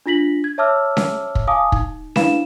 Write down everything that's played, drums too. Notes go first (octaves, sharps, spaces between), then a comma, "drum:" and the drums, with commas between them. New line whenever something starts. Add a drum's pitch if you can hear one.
D4 F4 A#6 B6 F#7
G#6
C#5 E5 A5 D6 E6 F6
drum: snare C#4
drum: kick
F5 G#5 A5 D6 D#6
D#4, drum: kick
D4 E4 B4 F5 B5 E7, drum: snare C#4